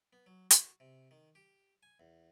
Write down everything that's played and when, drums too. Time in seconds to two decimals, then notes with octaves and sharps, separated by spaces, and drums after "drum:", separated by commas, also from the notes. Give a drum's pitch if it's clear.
0.13 B3
0.26 F#3
0.51 F#4, drum: hi-hat
0.80 C3
1.11 D#3
1.35 G4
1.83 G#5
2.00 E2